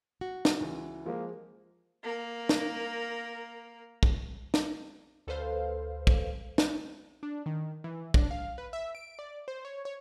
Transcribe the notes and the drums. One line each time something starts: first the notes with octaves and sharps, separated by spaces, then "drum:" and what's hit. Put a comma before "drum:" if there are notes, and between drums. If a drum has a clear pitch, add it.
F#4
drum: snare
C#2 E3
F3 G#3 A#3
A#3 A#4
drum: snare
drum: kick
drum: snare
D2 A4 B4 C5 F5
drum: kick
drum: snare
D4
D#3
E3
D4, drum: kick
F5
B4
E5
D7
D5
C5
C#5
C#5